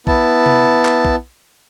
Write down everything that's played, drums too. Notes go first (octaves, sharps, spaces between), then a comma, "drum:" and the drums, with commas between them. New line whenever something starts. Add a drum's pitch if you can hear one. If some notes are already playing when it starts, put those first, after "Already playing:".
B3 E4 A5, drum: kick
drum: tom C3
drum: clap
drum: kick